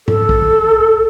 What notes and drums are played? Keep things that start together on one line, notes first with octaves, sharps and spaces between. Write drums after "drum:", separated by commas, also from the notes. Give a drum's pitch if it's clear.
A4, drum: tom G#2
drum: kick